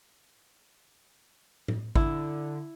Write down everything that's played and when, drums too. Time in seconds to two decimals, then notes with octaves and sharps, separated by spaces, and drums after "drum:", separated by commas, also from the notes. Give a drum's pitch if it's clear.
1.68 drum: tom A2
1.95 D3 E4, drum: kick G#1